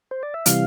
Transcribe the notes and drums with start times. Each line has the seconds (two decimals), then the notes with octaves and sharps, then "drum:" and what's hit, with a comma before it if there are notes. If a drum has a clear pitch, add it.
0.11 C5
0.23 D5
0.34 E5
0.46 C3 E3 G3 F5, drum: hi-hat